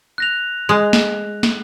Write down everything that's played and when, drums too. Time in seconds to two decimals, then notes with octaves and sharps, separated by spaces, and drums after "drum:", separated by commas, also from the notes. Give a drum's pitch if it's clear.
0.18 F#6 A#6 F7
0.69 G#3
0.93 drum: snare
1.43 drum: snare